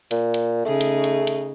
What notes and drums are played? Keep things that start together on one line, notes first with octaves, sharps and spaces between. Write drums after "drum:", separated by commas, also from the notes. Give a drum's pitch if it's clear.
A#2, drum: hi-hat
drum: hi-hat
C#3 A3 D#4 G#4
drum: hi-hat
drum: hi-hat
drum: hi-hat